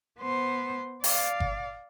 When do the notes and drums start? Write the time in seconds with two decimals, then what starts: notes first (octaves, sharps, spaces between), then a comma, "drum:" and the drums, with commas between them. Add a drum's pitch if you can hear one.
0.20 B3 C5
1.04 D5 F5, drum: open hi-hat
1.40 drum: kick G1